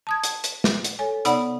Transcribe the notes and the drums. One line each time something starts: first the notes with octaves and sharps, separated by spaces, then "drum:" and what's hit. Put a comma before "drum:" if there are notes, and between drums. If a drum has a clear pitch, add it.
A5 D#6 G#6
drum: hi-hat
drum: hi-hat
drum: snare
drum: hi-hat
A4 C#5 G#5
C3 B3 D#4 D5 F#5 B5, drum: hi-hat